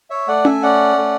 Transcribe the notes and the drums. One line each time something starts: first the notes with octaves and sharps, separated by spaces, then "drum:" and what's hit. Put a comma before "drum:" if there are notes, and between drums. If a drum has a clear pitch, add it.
C#5 E5
A3 D5 F#5
E5 G#5, drum: tom C#4
C#4 D5 F#5
A3